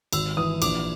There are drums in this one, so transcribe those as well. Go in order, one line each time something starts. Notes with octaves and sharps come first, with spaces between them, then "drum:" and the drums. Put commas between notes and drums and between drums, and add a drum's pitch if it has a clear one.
G#1 E6, drum: cymbal
E3 D#6
A#1 D6, drum: cymbal